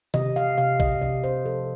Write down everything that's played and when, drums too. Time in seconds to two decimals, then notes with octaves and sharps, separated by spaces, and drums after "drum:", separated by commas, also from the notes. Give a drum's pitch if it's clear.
0.14 C3 D#5, drum: tom D#3
0.36 F5
0.58 C3 F5
0.80 D#5, drum: kick
1.01 C3 D5
1.24 C5
1.45 F3 A4